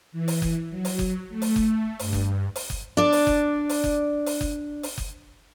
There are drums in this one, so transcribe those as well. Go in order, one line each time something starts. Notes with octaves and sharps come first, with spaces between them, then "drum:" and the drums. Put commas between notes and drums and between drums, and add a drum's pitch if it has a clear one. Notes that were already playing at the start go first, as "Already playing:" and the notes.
E3
drum: open hi-hat
drum: kick F#1
F#3
drum: open hi-hat
drum: kick F#1
A3
drum: open hi-hat
drum: kick F#1
G2, drum: open hi-hat
drum: kick F#1
drum: open hi-hat
drum: kick F#1
D4 D5
drum: open hi-hat
drum: kick F#1
drum: open hi-hat
drum: kick F#1
drum: open hi-hat
drum: kick F#1
drum: open hi-hat
drum: kick F#1